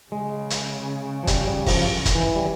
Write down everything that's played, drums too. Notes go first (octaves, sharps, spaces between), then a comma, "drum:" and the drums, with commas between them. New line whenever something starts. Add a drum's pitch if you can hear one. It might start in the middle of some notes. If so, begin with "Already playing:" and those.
C#3 G#3
drum: hi-hat
F3
G3, drum: kick, hi-hat
G3
F3, drum: kick, open hi-hat
drum: kick, hi-hat
E3
G3